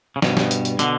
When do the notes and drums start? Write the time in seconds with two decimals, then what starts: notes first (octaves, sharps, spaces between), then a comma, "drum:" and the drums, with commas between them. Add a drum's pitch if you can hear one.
0.16 C#3
0.22 G2 B2, drum: snare
0.37 drum: snare
0.51 drum: hi-hat
0.65 drum: hi-hat
0.79 B2 D3, drum: hi-hat